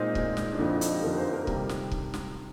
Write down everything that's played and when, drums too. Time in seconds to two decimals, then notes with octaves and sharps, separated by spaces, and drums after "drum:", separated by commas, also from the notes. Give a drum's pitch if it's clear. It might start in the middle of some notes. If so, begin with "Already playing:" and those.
Already playing: A#2 G#3 C4 D#4
0.15 A#2 G#3, drum: kick
0.37 drum: snare
0.52 D4
0.59 F2 D3 F3 D#4
0.70 D4
0.81 D#4, drum: hi-hat
0.92 G4
1.02 F2 D3 F3 A#4
1.17 C5
1.33 A#4
1.47 C3 D#3 G3, drum: kick
1.69 drum: snare
1.91 drum: kick
2.14 drum: snare